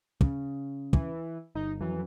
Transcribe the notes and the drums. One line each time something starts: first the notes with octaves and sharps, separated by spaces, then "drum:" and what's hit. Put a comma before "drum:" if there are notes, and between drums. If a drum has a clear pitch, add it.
C#3, drum: kick
E3, drum: kick
G1 D#4
F2 E3 F#3